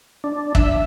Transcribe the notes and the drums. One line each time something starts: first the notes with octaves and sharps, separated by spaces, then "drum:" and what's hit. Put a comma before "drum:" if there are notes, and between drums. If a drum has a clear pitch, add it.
D4
E5, drum: kick